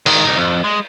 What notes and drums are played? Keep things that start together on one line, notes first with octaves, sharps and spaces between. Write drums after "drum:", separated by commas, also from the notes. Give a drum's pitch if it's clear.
D#3 G#3, drum: cymbal
C2 D#4
F2
G#3